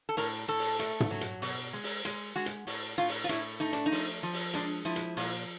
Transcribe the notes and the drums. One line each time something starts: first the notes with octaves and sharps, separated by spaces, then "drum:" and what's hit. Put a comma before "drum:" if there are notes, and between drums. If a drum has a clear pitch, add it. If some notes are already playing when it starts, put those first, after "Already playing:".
A4
A2 A#4, drum: open hi-hat
A2 A4
drum: open hi-hat
A3, drum: hi-hat
drum: tom
F#3
drum: hi-hat
B2, drum: open hi-hat
G#3
drum: open hi-hat
G#3, drum: hi-hat
G#3 F#4
drum: hi-hat
A2, drum: open hi-hat
A2 F4
drum: open hi-hat
F4
A2 E4, drum: hi-hat
A3 D#4
D4, drum: hi-hat
D#4
F3, drum: open hi-hat
F3
drum: open hi-hat
G#3 D4, drum: hi-hat
F3 E4
drum: hi-hat
A#2, drum: open hi-hat